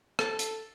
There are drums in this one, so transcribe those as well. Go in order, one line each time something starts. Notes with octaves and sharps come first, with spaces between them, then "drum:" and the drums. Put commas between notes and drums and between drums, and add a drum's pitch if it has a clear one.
A4, drum: rim click
drum: hi-hat